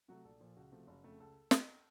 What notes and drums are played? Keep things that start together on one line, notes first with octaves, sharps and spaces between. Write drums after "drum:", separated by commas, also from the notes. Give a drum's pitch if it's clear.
C3 F#3 A3 F#4
A#1 A4
A#2 F3
C#2 F#4
C3 F3 A3
F#1
F2 C#3 A3
C#2 A4
drum: snare